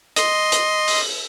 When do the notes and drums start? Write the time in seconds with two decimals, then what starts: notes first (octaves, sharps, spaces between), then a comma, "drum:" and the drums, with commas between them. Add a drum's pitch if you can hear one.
0.16 D#5 C6, drum: hi-hat
0.52 drum: hi-hat
0.88 drum: open hi-hat